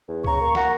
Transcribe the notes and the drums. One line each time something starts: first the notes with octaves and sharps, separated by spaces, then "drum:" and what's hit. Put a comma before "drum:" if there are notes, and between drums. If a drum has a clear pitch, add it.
E2
C#3 A#5 C#6, drum: kick C#2
A#3
A#3 F#5 A#5, drum: snare